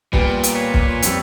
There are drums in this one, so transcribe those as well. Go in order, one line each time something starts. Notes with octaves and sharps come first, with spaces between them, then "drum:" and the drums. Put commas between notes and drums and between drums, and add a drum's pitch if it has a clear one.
A#2 G3 B3, drum: kick
drum: hi-hat
B4 C#5
drum: kick
F2 G3, drum: hi-hat